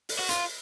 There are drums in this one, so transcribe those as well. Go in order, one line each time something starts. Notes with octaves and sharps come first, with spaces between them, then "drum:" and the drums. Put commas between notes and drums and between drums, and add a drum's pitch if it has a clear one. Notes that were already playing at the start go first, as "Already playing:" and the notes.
drum: open hi-hat
F#4
F4, drum: hi-hat